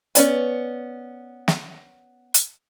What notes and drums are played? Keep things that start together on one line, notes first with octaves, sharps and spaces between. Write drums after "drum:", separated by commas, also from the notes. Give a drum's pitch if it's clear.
B3 C#4 D5 G#5, drum: hi-hat
drum: snare
drum: hi-hat